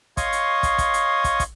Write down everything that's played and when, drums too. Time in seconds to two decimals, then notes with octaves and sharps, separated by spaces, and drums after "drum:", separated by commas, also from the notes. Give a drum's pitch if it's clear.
0.17 C#5 D#5 F5 C6 C#6 D#6, drum: kick, hi-hat
0.32 drum: hi-hat
0.63 drum: kick, hi-hat
0.78 drum: kick, hi-hat
0.94 drum: hi-hat
1.24 drum: kick, hi-hat
1.40 drum: kick, hi-hat